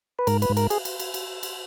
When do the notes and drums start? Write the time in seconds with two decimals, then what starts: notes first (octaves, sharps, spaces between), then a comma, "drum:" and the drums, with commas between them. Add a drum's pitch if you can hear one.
0.19 B4
0.27 G#2 A#4, drum: cymbal
0.42 B4, drum: cymbal
0.50 G#2
0.57 A#4, drum: cymbal
0.70 G#4, drum: cymbal
0.85 drum: cymbal
1.00 drum: cymbal
1.14 drum: cymbal
1.43 drum: cymbal